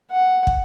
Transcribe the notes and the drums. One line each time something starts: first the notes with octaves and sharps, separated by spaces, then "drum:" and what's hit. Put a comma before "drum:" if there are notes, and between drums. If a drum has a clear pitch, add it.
F#5
drum: kick